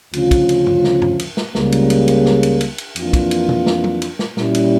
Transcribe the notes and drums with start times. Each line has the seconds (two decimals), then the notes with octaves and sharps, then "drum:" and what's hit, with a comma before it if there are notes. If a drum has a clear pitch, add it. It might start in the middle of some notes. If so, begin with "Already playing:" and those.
0.13 D2 C#3 F3 C#4 F4, drum: cymbal
0.31 drum: kick, cymbal
0.49 drum: cymbal
0.66 drum: tom G2
0.84 drum: snare
1.02 drum: tom G2
1.19 drum: cymbal
1.37 drum: snare
1.55 C#2 C#3 G3 A#3, drum: snare
1.72 drum: cymbal
1.90 drum: cymbal
2.08 drum: cymbal
2.25 drum: snare
2.43 drum: cymbal
2.60 drum: cymbal
2.78 drum: cymbal
2.96 F2 E3 A#3 D4 F4, drum: cymbal
3.13 drum: kick, cymbal
3.31 drum: cymbal
3.49 drum: tom
3.66 drum: snare
3.84 drum: tom
4.02 drum: cymbal
4.19 drum: snare
4.37 A#2 G3 C#4 E4, drum: snare
4.55 drum: cymbal